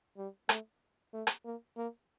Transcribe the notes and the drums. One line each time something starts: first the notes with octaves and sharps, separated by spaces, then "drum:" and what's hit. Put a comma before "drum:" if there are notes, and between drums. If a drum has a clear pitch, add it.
G3
A3, drum: rim click
A3
drum: rim click
A#3
A#3